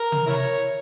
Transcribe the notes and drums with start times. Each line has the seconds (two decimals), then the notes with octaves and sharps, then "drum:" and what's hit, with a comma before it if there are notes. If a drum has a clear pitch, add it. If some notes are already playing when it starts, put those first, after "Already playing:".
Already playing: A#4
0.12 drum: tom
0.27 E4 A#4 C#5